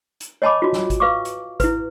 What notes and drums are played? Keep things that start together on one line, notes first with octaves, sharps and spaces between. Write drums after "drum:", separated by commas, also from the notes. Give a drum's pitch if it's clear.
drum: hi-hat
C#5 D#5 G#5 A5 B5 D6
F4 F#4
drum: snare
drum: kick G#1, hi-hat
B4 F5 C#6 D6
drum: hi-hat
E4 B4, drum: kick G#1, hi-hat